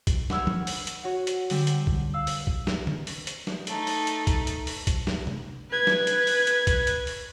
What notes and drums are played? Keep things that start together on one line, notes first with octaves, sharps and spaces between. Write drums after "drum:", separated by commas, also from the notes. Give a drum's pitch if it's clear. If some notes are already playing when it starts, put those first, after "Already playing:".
drum: kick B1, hi-hat
F#5 B5 C#6 E6 F6 G#6, drum: snare
drum: tom
drum: open hi-hat
drum: hi-hat
F#4 C#5 F#5
drum: hi-hat
D3 G3 C4, drum: open hi-hat
drum: hi-hat
drum: kick B1
F5 E6
drum: open hi-hat
drum: kick B1
drum: snare
drum: tom
drum: open hi-hat
drum: hi-hat
drum: snare
A3 D#4, drum: hi-hat
drum: open hi-hat
drum: hi-hat
drum: kick B1, hi-hat
drum: hi-hat
drum: open hi-hat
drum: kick B1, hi-hat
drum: snare
drum: tom C3
B4 G#6
drum: snare
drum: hi-hat
drum: open hi-hat
drum: hi-hat
drum: kick B1, hi-hat
drum: hi-hat
drum: open hi-hat